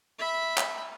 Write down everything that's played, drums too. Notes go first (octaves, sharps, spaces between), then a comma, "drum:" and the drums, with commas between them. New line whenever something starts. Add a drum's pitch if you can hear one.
E5 B5
drum: clap